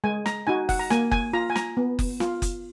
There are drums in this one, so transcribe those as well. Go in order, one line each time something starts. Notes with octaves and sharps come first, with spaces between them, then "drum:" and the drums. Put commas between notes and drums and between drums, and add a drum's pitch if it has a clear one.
G#3 G#5
A#5, drum: snare
D#4 F#4 G#5
F#5, drum: kick F#1, open hi-hat
A#5
A#3 G#5, drum: snare
G#5, drum: kick F#1
F4 A#5
G#5
A#5, drum: snare
B3
drum: kick F#1, open hi-hat
F4, drum: snare
drum: kick F#1, hi-hat